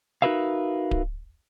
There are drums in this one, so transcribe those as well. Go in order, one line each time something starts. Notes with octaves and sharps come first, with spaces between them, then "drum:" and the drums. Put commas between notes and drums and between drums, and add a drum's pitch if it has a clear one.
D#4 F#4 A#4 B4 E5 F5
drum: kick D1